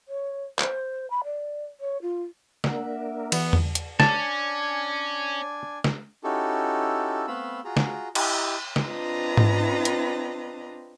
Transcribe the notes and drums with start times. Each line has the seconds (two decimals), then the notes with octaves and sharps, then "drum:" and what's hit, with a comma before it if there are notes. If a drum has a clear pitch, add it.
0.08 C#5
0.59 C5, drum: clap
1.10 B5
1.25 D5
1.81 C#5
2.02 F4
2.64 A#3 D4 A#4 E5 F#5, drum: snare
3.32 E3 B3, drum: cymbal
3.53 drum: tom E2
3.75 drum: hi-hat
4.00 C#4 D4 G#5 A5, drum: snare
5.84 drum: snare
6.24 C#4 D#4 E4 F#4 G4 A4
7.28 A3 B3 C4 F5 B5 E6
7.65 F4 F#4 G#4 A#5
7.77 drum: snare
8.15 E4 G4 D#5, drum: cymbal
8.76 drum: snare
8.86 C4 D4 F4 B4 D#5 A#5
9.37 drum: tom G#2
9.85 drum: hi-hat